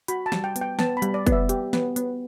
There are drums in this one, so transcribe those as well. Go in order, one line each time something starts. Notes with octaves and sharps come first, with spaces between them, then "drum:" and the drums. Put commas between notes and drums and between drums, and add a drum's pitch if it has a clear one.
F#4 B5, drum: hi-hat
A5
G3, drum: snare
G5
B3, drum: hi-hat
G5
B3 A5, drum: snare
B5
G3, drum: hi-hat
D5
B3, drum: kick, hi-hat
E5
G4, drum: hi-hat
B3, drum: snare
B3, drum: hi-hat